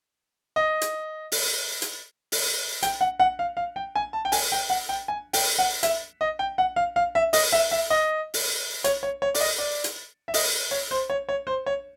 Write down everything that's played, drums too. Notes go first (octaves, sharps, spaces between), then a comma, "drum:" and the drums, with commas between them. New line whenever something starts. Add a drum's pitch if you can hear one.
D#5
drum: hi-hat
drum: open hi-hat
drum: hi-hat
drum: open hi-hat
G5, drum: hi-hat
F#5
F#5
F5
F5
G5
G#5
A5
G5
G#5, drum: open hi-hat
G5
F#5
G5
G#5
G5, drum: open hi-hat
F#5
E5, drum: hi-hat
D#5
G5
F#5
F5
F5
E5
D#5, drum: open hi-hat
E5
E5
D#5
drum: open hi-hat
C#5, drum: hi-hat
C#5
C#5
D5, drum: open hi-hat
D#5
D5
drum: hi-hat
E5
D#5, drum: open hi-hat
C#5
C5
C#5
C#5
C5
C#5